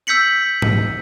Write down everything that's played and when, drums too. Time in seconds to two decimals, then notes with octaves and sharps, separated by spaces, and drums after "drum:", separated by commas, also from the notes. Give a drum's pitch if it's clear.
0.07 E6 G6 B6 C#7 F#7
0.62 drum: tom G#2